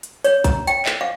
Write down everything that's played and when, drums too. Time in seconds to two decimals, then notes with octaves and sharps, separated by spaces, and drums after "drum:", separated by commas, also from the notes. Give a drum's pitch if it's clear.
0.03 drum: hi-hat
0.24 C#5, drum: hi-hat
0.44 A#5, drum: kick, hi-hat
0.67 G5, drum: hi-hat
0.86 E5, drum: clap
1.01 F5